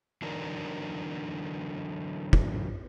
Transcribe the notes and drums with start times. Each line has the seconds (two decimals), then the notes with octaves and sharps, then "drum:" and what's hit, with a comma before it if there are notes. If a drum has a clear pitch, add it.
0.22 D3 E3 F#3 D4 D#4 A#4
2.33 drum: kick